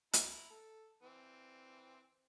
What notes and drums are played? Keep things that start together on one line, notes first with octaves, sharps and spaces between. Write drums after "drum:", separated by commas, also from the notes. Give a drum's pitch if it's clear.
E4 A#5 B5, drum: hi-hat
A4
E3 C4